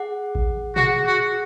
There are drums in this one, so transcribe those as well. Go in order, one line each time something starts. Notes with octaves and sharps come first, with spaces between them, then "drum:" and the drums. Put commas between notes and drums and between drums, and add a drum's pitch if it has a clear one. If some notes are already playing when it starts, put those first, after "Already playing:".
Already playing: G#4 F#5
drum: kick A1
F#4 G#4 F#5, drum: tom
F#4